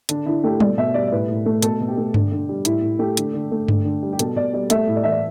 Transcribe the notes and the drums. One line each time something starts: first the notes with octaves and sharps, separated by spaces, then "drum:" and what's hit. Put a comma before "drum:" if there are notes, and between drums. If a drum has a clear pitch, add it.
D3 D4, drum: hi-hat
D3 E4
A3 G4
B2 D5, drum: tom G3
B2 E5
G3 D5
D5
A2 B4
A2
A3
B2 A4, drum: hi-hat
B2
G4
A3
D3, drum: tom G2
D3
G3
A2 E4, drum: hi-hat
A2
A3 G4
D3, drum: hi-hat
D3
A3
D3, drum: tom G2
D3
G3
G4
B2 A4, drum: hi-hat
B2 D5
G3 D5
A3 E5, drum: hi-hat
A2
D5
E3 E5
D5